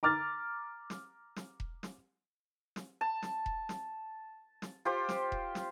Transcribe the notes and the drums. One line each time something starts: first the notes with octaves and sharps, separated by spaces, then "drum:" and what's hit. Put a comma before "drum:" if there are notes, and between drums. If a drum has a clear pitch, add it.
A#5 D6 F6 A6
drum: snare
drum: snare
drum: kick E1
drum: snare
drum: snare
A5
drum: snare
drum: kick E1
drum: snare
drum: snare
F4 G4 C5
drum: snare
drum: kick E1
drum: snare